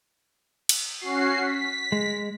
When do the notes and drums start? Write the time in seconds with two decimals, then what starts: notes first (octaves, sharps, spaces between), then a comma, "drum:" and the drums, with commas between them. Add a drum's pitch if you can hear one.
0.69 drum: cymbal
1.00 C#4 F#4 C7
1.41 B6
1.92 G#3